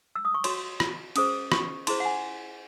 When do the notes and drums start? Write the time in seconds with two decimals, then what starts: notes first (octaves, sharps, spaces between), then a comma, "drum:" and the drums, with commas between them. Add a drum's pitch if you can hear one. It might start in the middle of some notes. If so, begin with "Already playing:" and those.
0.15 E6
0.25 D#6
0.34 C#6
0.44 F#4 C#5 C6, drum: cymbal
0.80 drum: rim click
1.16 C#4 G#4 C5 D#6, drum: cymbal
1.52 C#6, drum: rim click
1.87 E4 G#4 C5 C6, drum: cymbal
2.00 F#5
2.05 G#5